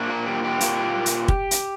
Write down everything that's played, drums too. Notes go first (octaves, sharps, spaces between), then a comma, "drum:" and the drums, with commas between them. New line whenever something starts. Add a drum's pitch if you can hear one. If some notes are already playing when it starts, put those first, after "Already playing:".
Already playing: A#2 A#3 D4
F4 A#4
G4
G4
A#2 A#3 F4, drum: hi-hat
drum: hi-hat
drum: kick
drum: hi-hat